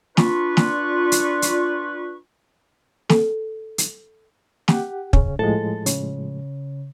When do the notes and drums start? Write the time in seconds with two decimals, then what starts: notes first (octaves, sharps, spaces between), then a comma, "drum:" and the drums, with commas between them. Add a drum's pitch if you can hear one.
0.17 D4 F4 B4 C#6, drum: snare
0.57 drum: snare
1.12 drum: hi-hat
1.42 drum: hi-hat
3.10 A4, drum: snare
3.78 drum: hi-hat
4.68 G4 F#5, drum: snare
5.13 C#3 C#4, drum: kick
5.39 A2 F3 G#3 A4
5.86 C#3, drum: hi-hat